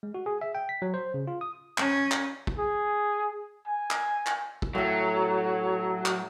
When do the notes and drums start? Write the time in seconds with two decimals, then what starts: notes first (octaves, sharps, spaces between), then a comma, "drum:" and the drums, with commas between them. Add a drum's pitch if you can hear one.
0.03 G#3
0.14 F#4
0.26 G#4
0.41 E5
0.55 G5
0.69 B6
0.82 F#3
0.94 C5
1.14 C#3
1.27 F4
1.41 D#6
1.78 C#4, drum: clap
2.11 drum: clap
2.47 drum: kick
2.58 G#4
3.67 G#5
3.91 drum: clap
4.26 drum: clap
4.62 drum: kick
4.75 A2 F#3 E5
6.06 drum: clap